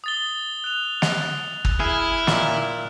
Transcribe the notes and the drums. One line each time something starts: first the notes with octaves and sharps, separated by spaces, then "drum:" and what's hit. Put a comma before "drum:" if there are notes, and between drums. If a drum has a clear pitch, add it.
D#6 A6 G7
F#6 F7
drum: snare
drum: kick
E4 G#4 F6
A#2, drum: snare